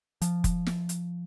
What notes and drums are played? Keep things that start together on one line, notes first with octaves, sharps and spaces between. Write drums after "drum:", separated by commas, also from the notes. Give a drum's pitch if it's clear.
F3, drum: hi-hat
drum: kick F1, hi-hat
drum: snare
drum: hi-hat